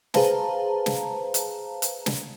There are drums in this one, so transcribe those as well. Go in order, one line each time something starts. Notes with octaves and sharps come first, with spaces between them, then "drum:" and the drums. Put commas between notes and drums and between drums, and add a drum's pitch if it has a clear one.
G#4 B4 C5 F5 A5 A#5, drum: snare
drum: snare
drum: hi-hat
drum: hi-hat
drum: snare